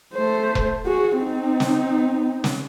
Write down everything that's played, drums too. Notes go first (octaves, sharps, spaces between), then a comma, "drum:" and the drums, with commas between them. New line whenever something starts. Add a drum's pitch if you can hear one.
A3 C5
drum: kick E1
F#4 G#4
C4 D#4
drum: snare
drum: snare